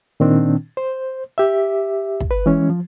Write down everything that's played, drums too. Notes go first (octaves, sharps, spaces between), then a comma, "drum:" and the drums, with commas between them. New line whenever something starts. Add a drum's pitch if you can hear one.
A#2 D#3 C4 D4
C5
G4 E5
drum: kick
B4
E3 G#3 C#4
F3